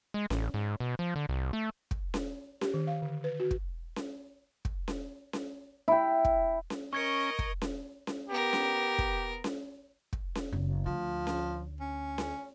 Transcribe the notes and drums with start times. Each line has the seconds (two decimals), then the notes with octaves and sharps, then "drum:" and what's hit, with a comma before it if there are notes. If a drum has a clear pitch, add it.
0.14 G#3
0.30 A1, drum: snare C#4
0.54 G#2
0.80 B2
0.99 F3
1.16 D3
1.29 C2
1.53 A3
1.91 drum: kick
2.14 drum: snare C#4
2.61 G4, drum: snare C#4
2.74 D#3
2.87 F5
3.02 D3
3.24 B4
3.40 F#4
3.51 drum: kick
3.96 drum: snare C#4
4.65 drum: kick
4.88 drum: snare C#4
5.33 drum: snare C#4
5.88 E4 G5
6.25 drum: kick
6.70 drum: snare C#4
6.93 C#4 A#4 D#5 C#6 G#6 C#7
7.39 drum: kick
7.62 drum: snare C#4
8.07 drum: snare C#4
8.30 B3 G4 A#4
8.53 drum: snare C#4
8.98 drum: kick
9.44 drum: snare C#4
10.13 drum: kick
10.35 drum: snare C#4
10.52 F#1 B3
10.86 D2 F3
11.27 drum: snare C#4
11.80 C#4
12.18 drum: snare C#4